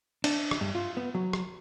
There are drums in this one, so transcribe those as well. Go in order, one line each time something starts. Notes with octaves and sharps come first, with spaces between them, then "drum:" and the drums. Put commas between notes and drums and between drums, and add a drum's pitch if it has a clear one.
D4, drum: cymbal
drum: rim click
G2
F4
B3
F#3
drum: rim click